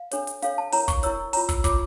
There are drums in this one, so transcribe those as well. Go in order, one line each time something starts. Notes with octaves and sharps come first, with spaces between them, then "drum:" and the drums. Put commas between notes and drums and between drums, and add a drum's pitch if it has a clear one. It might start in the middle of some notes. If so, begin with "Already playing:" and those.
Already playing: F5
D4 A4 C#5, drum: hi-hat
drum: hi-hat
D4 A4 C#5 F5, drum: hi-hat
A5
E4 A#4 C#5 A#5, drum: open hi-hat
C#6, drum: kick, hi-hat
E4 A#4 C#5 E6, drum: hi-hat
F4 C#5 A#5, drum: open hi-hat
E6, drum: kick, hi-hat
F4 C#5 D6, drum: kick, hi-hat